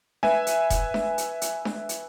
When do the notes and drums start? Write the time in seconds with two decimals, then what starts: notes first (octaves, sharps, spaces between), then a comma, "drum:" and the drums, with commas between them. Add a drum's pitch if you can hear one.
0.23 B4 E5 G#5, drum: snare D4
0.47 drum: hi-hat
0.70 drum: kick E1, hi-hat
0.94 drum: snare D4
1.18 drum: hi-hat
1.42 drum: hi-hat
1.65 drum: snare D4
1.89 drum: hi-hat